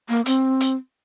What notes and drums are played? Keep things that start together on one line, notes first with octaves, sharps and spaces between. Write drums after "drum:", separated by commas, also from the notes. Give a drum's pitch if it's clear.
A#3
C4, drum: hi-hat
drum: hi-hat